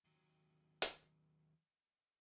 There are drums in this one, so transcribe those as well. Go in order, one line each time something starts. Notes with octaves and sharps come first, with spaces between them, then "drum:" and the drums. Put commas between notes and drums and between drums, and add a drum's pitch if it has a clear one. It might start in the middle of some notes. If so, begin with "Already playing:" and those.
D#2 F#3
drum: hi-hat